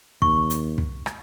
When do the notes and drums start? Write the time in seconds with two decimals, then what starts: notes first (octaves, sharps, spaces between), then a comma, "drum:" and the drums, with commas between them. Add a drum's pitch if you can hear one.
0.22 D#2 C#6, drum: kick
0.50 drum: hi-hat
0.78 drum: kick
1.06 drum: rim click